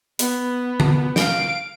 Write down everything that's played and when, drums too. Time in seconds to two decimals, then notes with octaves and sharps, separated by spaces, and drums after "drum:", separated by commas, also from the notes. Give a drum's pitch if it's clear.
0.19 B3, drum: hi-hat
0.80 drum: tom D3
1.16 F5 D7, drum: snare